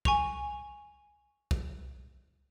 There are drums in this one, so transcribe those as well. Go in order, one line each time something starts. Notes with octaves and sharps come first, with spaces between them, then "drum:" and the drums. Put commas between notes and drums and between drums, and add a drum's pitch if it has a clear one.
G#5 C#6 F7, drum: kick
drum: kick